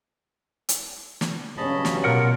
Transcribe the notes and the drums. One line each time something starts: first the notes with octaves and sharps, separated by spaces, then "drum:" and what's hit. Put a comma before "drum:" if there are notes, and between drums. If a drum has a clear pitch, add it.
drum: hi-hat
drum: snare
G2 C#3 F#3 C#4 D#5 A5 B5
drum: snare
B2 A#3 F4 A#4 F#5